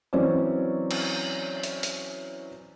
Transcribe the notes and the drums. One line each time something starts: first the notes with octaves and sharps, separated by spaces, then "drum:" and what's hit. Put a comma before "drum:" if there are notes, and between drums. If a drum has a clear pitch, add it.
E3 F#3 C4 C#4 C5 D5
drum: cymbal
drum: hi-hat
drum: hi-hat